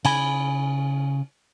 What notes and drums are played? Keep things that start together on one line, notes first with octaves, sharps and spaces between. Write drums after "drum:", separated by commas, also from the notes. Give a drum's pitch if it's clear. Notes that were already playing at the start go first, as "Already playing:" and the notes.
C#3 G#5 B5, drum: cymbal